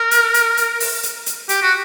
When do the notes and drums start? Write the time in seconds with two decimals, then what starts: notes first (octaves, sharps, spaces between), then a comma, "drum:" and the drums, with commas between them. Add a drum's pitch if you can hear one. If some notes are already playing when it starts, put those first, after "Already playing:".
Already playing: A#4
0.11 drum: hi-hat
0.34 drum: hi-hat
0.57 drum: hi-hat
0.80 drum: open hi-hat
1.03 drum: hi-hat
1.26 drum: hi-hat
1.49 G4, drum: hi-hat
1.62 F#4